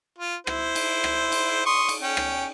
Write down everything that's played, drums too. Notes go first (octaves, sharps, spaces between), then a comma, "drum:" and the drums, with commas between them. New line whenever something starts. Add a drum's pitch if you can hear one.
F4
E4 C5, drum: rim click
drum: cymbal
drum: rim click
drum: cymbal
C6 C#6 D#6
drum: cymbal
C#4 G5
drum: rim click